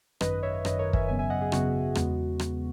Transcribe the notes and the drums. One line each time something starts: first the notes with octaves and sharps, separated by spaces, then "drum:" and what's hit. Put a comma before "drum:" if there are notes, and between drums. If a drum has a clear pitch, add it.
G#1 F#2 D#3 B4 D#5, drum: rim click
C#5 E5
G#1 F#2 D#3 B4 D#5, drum: rim click
A#4 C#5
E5 G#5, drum: kick
G#1 F#2 C#3 F#3 B3 E5 G#5
E5 G#5
D#5 F#5
G#4
G#1 F#2 C#3 F#3 B3 F#4, drum: rim click
E2 C#3 G#3 B3, drum: rim click
drum: rim click